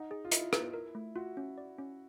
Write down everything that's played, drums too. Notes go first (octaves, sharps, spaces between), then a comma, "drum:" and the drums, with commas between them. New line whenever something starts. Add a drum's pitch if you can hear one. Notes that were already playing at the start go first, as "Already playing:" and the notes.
Already playing: D#4 F#5
G#4
F4
E4 D#5, drum: hi-hat
B4, drum: rim click
A#4
A3
F4 F#4
C#4
D5
C#4